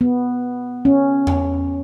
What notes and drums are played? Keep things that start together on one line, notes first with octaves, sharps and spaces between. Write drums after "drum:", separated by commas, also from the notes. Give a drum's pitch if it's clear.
B3
C#4
drum: tom E2